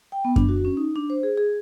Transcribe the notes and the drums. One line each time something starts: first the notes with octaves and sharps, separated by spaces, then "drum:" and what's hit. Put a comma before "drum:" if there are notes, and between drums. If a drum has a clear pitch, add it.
G5
B3
D4, drum: kick F#2
F#4
C#4
D#4
D4
C5
G#4
G#4